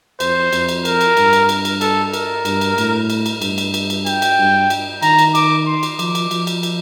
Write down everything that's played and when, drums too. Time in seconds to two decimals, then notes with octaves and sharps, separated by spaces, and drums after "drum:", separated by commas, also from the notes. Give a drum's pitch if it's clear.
0.20 F2 C5, drum: cymbal
0.53 F2, drum: cymbal
0.69 drum: cymbal
0.85 A#4, drum: cymbal
1.01 drum: cymbal
1.17 G2, drum: cymbal
1.33 drum: cymbal
1.49 drum: cymbal
1.65 drum: cymbal
1.81 A4, drum: cymbal
2.14 A#4, drum: cymbal
2.45 G2, drum: cymbal
2.61 drum: cymbal
2.78 A2, drum: cymbal
3.10 drum: cymbal
3.26 drum: cymbal
3.42 G2, drum: cymbal
3.58 drum: cymbal
3.74 drum: cymbal
3.90 drum: cymbal
4.06 G5, drum: cymbal
4.22 drum: cymbal
4.39 G2
4.70 drum: cymbal
5.03 D#3 A#5, drum: cymbal
5.19 drum: cymbal
5.35 D6, drum: cymbal
5.66 C6
5.83 drum: cymbal
5.99 F3 D6, drum: cymbal
6.15 drum: cymbal
6.31 F3, drum: cymbal
6.47 drum: cymbal
6.63 drum: cymbal